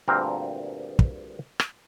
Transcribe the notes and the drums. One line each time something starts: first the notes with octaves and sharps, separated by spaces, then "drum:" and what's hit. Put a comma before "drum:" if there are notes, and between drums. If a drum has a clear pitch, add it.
D2 G2 A#2 C4 A#4 F5
drum: kick
drum: rim click